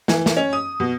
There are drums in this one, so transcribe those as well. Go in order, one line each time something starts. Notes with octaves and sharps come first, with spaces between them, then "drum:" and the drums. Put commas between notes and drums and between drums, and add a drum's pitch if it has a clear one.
E3, drum: snare
drum: snare
C#4
D#6
B2